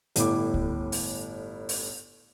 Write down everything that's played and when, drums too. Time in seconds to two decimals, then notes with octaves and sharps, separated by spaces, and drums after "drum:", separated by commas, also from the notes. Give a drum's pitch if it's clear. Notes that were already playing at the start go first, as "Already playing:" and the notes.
0.16 G1 A2 E4 D6, drum: hi-hat
0.54 drum: kick C#2
0.92 drum: open hi-hat
1.69 drum: open hi-hat